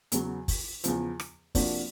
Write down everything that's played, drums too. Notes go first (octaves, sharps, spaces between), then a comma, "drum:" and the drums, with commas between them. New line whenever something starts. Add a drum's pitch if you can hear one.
E2 C#3 F#3, drum: hi-hat
drum: kick, open hi-hat
E2 C#3 F3, drum: hi-hat
drum: rim click
C3 F3 A#3 D4 F#4, drum: kick, open hi-hat